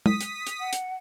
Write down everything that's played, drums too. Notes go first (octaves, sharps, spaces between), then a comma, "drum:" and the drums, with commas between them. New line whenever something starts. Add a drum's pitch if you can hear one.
D#6 B6, drum: tom
drum: hi-hat
drum: hi-hat
F#5
drum: hi-hat